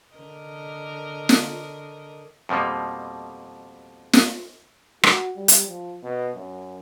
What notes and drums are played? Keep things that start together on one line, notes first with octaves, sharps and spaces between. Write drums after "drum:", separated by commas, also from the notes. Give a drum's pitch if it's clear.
D3 A#4 D#5
drum: snare
F2 B2 F3 G3 A#3
drum: snare
F#4, drum: rim click
G3
drum: hi-hat
F3
B2
F#2